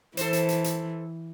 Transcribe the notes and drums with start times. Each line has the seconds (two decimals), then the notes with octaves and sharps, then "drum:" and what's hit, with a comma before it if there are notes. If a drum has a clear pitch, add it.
0.17 E3 A4 C5, drum: hi-hat
0.33 drum: hi-hat
0.49 drum: hi-hat
0.64 drum: hi-hat